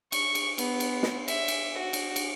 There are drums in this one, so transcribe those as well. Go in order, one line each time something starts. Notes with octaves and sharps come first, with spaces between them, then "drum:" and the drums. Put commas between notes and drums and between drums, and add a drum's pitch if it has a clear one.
C#6, drum: cymbal
drum: cymbal
B3, drum: cymbal
drum: cymbal
drum: snare
E5, drum: cymbal
drum: cymbal
F#4
drum: cymbal
drum: cymbal